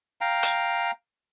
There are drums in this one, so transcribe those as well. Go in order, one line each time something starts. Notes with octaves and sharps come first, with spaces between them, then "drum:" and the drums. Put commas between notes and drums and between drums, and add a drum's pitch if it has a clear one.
F5 G5 A#5
drum: hi-hat